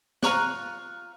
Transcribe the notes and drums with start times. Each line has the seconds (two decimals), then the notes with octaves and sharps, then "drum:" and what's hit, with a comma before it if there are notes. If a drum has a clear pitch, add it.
0.23 F4 A#5 C#6 F#6, drum: snare